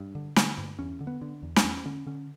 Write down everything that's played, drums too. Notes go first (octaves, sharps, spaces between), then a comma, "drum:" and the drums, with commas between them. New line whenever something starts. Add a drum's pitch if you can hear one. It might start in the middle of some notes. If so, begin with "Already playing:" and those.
Already playing: G2
D3
D3, drum: snare
G2
E2 C#4
D3
B3
D3
E2
D4, drum: snare
E2 C#4
D3 C#4
D3 C#4